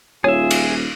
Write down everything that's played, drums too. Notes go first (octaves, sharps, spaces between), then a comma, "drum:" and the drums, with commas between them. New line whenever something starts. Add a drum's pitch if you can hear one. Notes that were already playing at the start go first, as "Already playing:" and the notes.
D#1 F4 G#4 C#5 E5
drum: cymbal